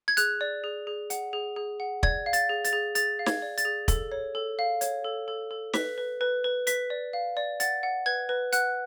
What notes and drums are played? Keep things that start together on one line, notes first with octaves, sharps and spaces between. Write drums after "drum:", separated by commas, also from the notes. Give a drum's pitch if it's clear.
G#6
G#4 F#6, drum: hi-hat
D5
G#4
G#4
F#5, drum: hi-hat
G#4
G#4
F#5
D5 G#6, drum: kick
F5
A6, drum: hi-hat
G#4
A6, drum: hi-hat
G#4
G#4 A6, drum: hi-hat
F5
G#6, drum: snare
D5
A6, drum: hi-hat
G#4
A4, drum: kick, hi-hat
C#5
A4
F5
C#5, drum: hi-hat
A4
A4
A4
B4 B6, drum: snare
B4
B4
B4
B4 B6, drum: hi-hat
D5
F5
D5
F#5 A6, drum: hi-hat
F#5
B4 G#6
B4
F#5 F#6, drum: hi-hat